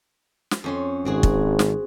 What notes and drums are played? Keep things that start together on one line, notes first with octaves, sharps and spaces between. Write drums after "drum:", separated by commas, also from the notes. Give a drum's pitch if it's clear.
drum: snare
F2 C#4 C6
G#1 C4 F#4 G#4
drum: kick
drum: snare